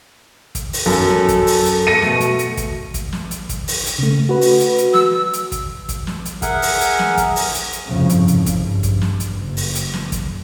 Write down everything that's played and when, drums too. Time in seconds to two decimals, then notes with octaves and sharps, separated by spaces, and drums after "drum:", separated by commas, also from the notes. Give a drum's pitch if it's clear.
0.55 drum: kick, hi-hat
0.73 drum: open hi-hat
0.86 F#2 A4
1.10 drum: snare
1.28 drum: kick, hi-hat
1.47 drum: open hi-hat
1.65 drum: hi-hat
1.87 A#6 C#7 D#7
2.02 B2 A3, drum: snare
2.20 drum: hi-hat
2.39 drum: hi-hat
2.57 drum: kick, hi-hat
2.94 drum: kick, hi-hat
3.12 drum: snare
3.31 drum: hi-hat
3.49 drum: kick, hi-hat
3.68 drum: open hi-hat
3.86 drum: hi-hat
3.99 C#3 A3
4.29 F#4 B4
4.41 drum: open hi-hat
4.60 drum: hi-hat
4.78 drum: hi-hat
4.94 E6, drum: snare
5.33 drum: hi-hat
5.52 drum: kick, hi-hat
5.89 drum: kick, hi-hat
6.07 drum: snare
6.25 drum: hi-hat
6.42 G#4 A#4 E5 F#5 G#5, drum: kick, hi-hat
6.62 drum: open hi-hat
6.81 drum: hi-hat
6.99 drum: snare
7.17 drum: kick, hi-hat
7.36 drum: open hi-hat
7.54 drum: hi-hat
7.73 drum: hi-hat
7.88 G1 C2 F2 G#2 C#3 F3
8.09 drum: hi-hat
8.28 drum: hi-hat
8.46 drum: kick, hi-hat
8.56 G2
8.83 drum: kick, hi-hat
9.01 drum: snare
9.20 drum: hi-hat
9.31 F#1
9.57 drum: open hi-hat
9.75 drum: hi-hat
9.94 drum: snare
10.12 drum: kick, hi-hat